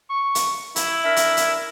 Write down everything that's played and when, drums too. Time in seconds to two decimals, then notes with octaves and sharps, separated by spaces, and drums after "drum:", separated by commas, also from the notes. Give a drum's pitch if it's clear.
0.10 C#6
0.35 drum: hi-hat
0.76 E4, drum: hi-hat
1.04 D4 A#4 E5
1.16 drum: hi-hat
1.37 drum: hi-hat